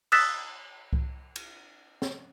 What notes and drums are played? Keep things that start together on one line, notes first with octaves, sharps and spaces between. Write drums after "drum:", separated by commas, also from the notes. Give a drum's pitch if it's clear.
D#6 E6 F#6 A6 B6 E7, drum: cymbal
drum: kick C2
drum: cymbal
drum: snare